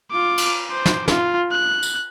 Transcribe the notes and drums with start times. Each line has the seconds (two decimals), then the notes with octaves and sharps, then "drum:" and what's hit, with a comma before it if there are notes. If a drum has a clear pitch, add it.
0.11 F4 D6
0.38 drum: cymbal
0.70 C5 D6
0.86 drum: snare
1.08 F4, drum: snare
1.52 F#6
1.83 drum: tambourine